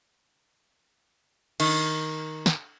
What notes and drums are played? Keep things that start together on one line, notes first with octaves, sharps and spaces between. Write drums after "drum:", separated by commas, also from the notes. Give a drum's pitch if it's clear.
D#3, drum: cymbal
drum: snare